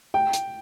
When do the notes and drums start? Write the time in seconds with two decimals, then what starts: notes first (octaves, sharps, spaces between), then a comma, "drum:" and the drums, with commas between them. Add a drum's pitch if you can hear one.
0.14 G5
0.33 drum: hi-hat